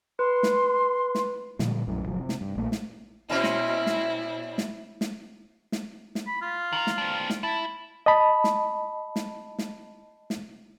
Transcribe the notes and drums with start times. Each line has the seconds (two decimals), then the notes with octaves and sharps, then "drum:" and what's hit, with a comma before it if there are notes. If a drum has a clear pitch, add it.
0.19 B4 C6
0.43 drum: snare
1.15 drum: snare
1.59 A#2 D3 F3 G3, drum: snare
1.87 B1 F#2 A2
2.06 F#1 F3 F#3
2.20 C3
2.29 drum: snare
2.41 G2
2.56 A#1 A3 A#3
2.72 drum: snare
3.29 A#2 C4 C#4 E4
3.44 drum: snare
3.86 drum: snare
4.58 drum: snare
5.01 drum: snare
5.72 drum: snare
6.15 drum: snare
6.27 B5
6.42 F4
6.72 D#3 A#4
6.87 drum: snare
6.98 C4 D4
7.30 drum: snare
7.43 E4 A5
8.06 D#5 A5 B5
8.44 drum: snare
9.16 drum: snare
9.59 drum: snare
10.30 drum: snare